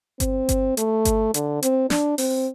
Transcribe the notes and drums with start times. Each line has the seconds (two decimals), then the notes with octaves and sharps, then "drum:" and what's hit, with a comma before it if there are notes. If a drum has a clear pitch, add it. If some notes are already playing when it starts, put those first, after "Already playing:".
0.20 C4, drum: kick G1, hi-hat
0.49 drum: kick G1, hi-hat
0.77 A3, drum: hi-hat
1.05 drum: kick G1, hi-hat
1.34 D3, drum: hi-hat
1.63 C4, drum: hi-hat
1.90 D4, drum: snare
2.18 C4, drum: open hi-hat